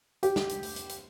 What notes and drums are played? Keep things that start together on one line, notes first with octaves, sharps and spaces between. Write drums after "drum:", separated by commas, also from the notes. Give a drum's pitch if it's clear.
G4, drum: hi-hat
drum: snare
drum: hi-hat
drum: open hi-hat
drum: hi-hat
drum: hi-hat